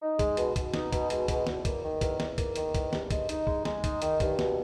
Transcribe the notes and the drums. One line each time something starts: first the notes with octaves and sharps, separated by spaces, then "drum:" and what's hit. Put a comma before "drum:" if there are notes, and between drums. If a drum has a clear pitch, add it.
D#4
G#3, drum: kick, hi-hat
B2, drum: hi-hat
B2, drum: kick, hi-hat
D#4, drum: snare
B2, drum: kick, hi-hat
G#3, drum: hi-hat
B2, drum: kick, hi-hat
E2, drum: snare
A#3, drum: kick, hi-hat
D#3
E2, drum: kick, hi-hat
E2, drum: snare
A#3, drum: kick, hi-hat
D#3, drum: hi-hat
E2, drum: kick, hi-hat
G2, drum: snare
G#3, drum: kick, hi-hat
D#4, drum: hi-hat
G#3, drum: kick
G#3, drum: snare
D#4, drum: kick, hi-hat
D#3, drum: hi-hat
G2, drum: kick, hi-hat
B2, drum: snare